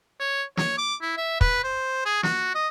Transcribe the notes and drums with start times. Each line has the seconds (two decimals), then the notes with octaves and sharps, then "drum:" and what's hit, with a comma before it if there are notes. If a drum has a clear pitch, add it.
0.20 C#5
0.57 C#5, drum: snare
0.78 D6
1.01 E4
1.17 E5
1.41 B4, drum: kick
1.63 C5
2.05 G#4
2.23 F#4, drum: snare
2.55 D#5